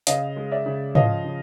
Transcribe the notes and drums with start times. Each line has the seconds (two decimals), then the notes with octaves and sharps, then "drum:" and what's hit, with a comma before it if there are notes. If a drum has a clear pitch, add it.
0.07 C#3 D#5 F5, drum: hi-hat
0.36 G#3
0.51 D5 E5
0.66 C#3
0.95 F3 D#5 F5, drum: tom G#2
1.24 C#3